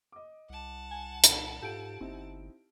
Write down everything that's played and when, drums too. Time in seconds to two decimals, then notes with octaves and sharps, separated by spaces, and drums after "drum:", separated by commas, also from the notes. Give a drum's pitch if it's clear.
0.12 D#5 D6
0.49 C2 F#5 A5
0.91 G#5
1.24 A#1 B5, drum: hi-hat
1.62 G#2 F4 G4 A4 D7
2.01 G1 C4 D#4 E4